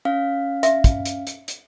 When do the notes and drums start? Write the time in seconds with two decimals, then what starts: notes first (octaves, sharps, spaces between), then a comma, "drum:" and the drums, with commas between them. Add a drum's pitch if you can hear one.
0.05 C#4 F5
0.63 E5, drum: hi-hat
0.84 drum: kick, hi-hat
1.06 drum: hi-hat
1.27 drum: hi-hat
1.48 drum: hi-hat